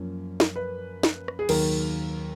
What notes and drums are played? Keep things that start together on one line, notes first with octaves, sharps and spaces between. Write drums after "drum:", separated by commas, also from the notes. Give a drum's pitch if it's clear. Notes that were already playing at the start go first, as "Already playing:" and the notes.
Already playing: F#2 F3 A#3 C#4
drum: snare
B4
drum: snare
drum: rim click
G#4
D#2 D#3 F#3 A#4, drum: cymbal